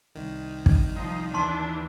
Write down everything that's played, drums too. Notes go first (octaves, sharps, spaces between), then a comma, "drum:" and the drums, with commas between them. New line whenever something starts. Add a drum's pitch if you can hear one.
C2 D#3
drum: kick
F3 D#4
D#2 E3 D4 A5 C6